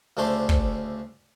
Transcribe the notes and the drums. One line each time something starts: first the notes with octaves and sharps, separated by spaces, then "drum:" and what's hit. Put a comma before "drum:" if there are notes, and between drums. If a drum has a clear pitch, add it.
D2 C#3 A3 D4 C5 C6
drum: kick